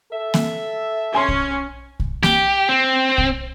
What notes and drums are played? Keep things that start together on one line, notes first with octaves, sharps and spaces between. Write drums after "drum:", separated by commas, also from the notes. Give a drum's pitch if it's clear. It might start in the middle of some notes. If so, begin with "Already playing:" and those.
A4 E5
drum: snare A#3
C#4 G#5 C6
drum: kick
drum: kick
G4, drum: snare A#3
C4
drum: kick